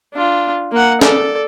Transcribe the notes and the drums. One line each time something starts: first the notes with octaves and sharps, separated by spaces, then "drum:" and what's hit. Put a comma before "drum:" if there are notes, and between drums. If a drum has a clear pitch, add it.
D4 F4
A#3 F#5
A4 D5, drum: snare